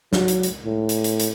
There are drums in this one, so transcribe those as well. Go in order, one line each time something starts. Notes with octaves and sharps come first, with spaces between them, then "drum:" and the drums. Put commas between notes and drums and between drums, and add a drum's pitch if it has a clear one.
F#3, drum: snare
drum: hi-hat
drum: hi-hat
A2
drum: hi-hat
drum: hi-hat
drum: hi-hat